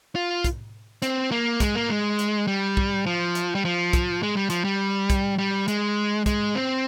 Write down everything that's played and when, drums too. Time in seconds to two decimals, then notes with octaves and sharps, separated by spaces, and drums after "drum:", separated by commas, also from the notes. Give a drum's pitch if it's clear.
0.15 F4
0.44 drum: kick, hi-hat
1.02 C4, drum: hi-hat
1.31 A#3
1.60 G#3, drum: kick, hi-hat
1.75 A#3
1.90 G#3
2.19 drum: hi-hat
2.47 G3
2.77 drum: kick
3.06 F3
3.35 drum: hi-hat
3.55 G3
3.65 F3
3.93 drum: kick, hi-hat
4.23 G#3
4.37 G3
4.50 F3, drum: hi-hat
4.65 G3
5.10 drum: kick, hi-hat
5.38 G3
5.68 G#3, drum: hi-hat
6.26 G#3, drum: kick, hi-hat
6.55 C4